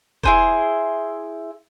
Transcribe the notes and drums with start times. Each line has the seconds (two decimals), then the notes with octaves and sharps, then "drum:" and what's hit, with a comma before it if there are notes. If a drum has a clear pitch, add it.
0.23 E4 G#4 C5, drum: kick E1